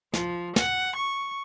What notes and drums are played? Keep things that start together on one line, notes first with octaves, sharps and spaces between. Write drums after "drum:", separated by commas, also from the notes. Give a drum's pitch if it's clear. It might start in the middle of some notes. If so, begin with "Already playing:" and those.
F3, drum: snare
F#5, drum: snare
C#6